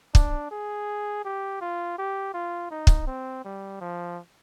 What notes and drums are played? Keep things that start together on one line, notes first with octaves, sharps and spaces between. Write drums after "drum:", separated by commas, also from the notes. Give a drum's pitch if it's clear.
D4, drum: kick
G#4
G4
F4
G4
F4
D#4
drum: kick
C4
G3
F3